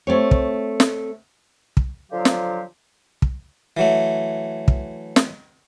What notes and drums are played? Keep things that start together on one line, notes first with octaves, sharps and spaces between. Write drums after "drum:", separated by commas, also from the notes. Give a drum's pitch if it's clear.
A3 C4 C#5
drum: kick
drum: snare
drum: kick
D3 F3 F#3 G4 F5
drum: snare
drum: kick
E3 F#3 A3
drum: kick
drum: snare